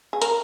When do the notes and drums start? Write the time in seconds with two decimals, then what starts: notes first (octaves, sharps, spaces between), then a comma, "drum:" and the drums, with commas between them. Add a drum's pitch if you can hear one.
0.13 G#4
0.22 A#4, drum: hi-hat